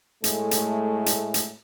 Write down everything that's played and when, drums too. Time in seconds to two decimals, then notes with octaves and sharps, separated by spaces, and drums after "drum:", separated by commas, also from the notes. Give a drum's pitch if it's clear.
0.24 A2 G#3 A3, drum: hi-hat
0.51 drum: hi-hat
1.06 drum: hi-hat
1.34 drum: hi-hat